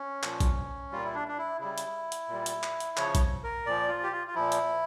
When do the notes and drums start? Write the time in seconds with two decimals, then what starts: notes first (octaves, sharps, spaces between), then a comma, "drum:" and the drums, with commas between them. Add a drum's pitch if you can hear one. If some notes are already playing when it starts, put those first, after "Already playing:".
Already playing: C#4
0.23 A#2 F3, drum: clap
0.40 drum: kick A#1, hi-hat
0.92 A#2 G3 F4
1.04 E4
1.15 D4
1.28 D4
1.38 E4
1.60 C#3 G3 E4
1.78 drum: hi-hat
2.12 drum: hi-hat
2.29 A#2 G3
2.46 drum: hi-hat
2.63 drum: clap
2.80 drum: hi-hat
2.97 C#3 F3 C#5, drum: clap
3.15 drum: kick A#1, hi-hat
3.44 A#4
3.66 A#2 F3 D5
3.89 F4
4.03 G4
4.12 F4
4.27 F4
4.35 A#2 F3 E4
4.52 drum: hi-hat